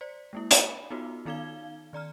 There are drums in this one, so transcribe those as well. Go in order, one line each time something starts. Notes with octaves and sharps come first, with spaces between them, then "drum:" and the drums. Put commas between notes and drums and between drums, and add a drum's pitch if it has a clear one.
C5 D5
G#3 A#3 E4
B5, drum: hi-hat
B3 D#4 F4 F#4
D#3 B3 D#4 F5 G#6 G7
D#3 D5 A#5 F6